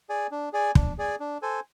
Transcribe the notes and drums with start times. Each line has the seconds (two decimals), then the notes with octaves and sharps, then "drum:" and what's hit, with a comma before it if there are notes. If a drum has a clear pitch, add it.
0.09 G#4 D5 G#5
0.31 D4
0.53 G#4 D5 G#5
0.75 D4, drum: kick
0.98 G#4 D5 G#5
1.20 D4
1.42 A4 C5 G#5